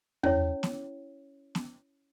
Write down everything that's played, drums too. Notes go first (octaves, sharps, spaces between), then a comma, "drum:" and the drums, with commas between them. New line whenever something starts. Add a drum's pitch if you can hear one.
C#4 E4 C#5, drum: tom E2
drum: snare B3
drum: snare B3